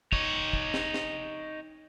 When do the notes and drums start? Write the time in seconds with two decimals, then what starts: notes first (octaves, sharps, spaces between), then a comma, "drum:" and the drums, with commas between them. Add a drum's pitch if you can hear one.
0.12 D#4 C#5, drum: kick
0.53 drum: kick
0.74 drum: snare
0.94 drum: snare